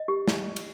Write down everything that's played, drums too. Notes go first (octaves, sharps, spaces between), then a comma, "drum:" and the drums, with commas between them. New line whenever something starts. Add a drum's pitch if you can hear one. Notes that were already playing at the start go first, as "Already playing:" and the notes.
Already playing: D#5
G4
drum: snare
drum: cymbal